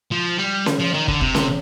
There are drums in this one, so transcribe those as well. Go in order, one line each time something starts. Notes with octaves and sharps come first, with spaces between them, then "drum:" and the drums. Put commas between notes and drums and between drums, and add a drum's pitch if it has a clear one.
F3
G3
drum: snare C#4
F3
D#3
D3, drum: kick
C3, drum: kick
drum: snare C#4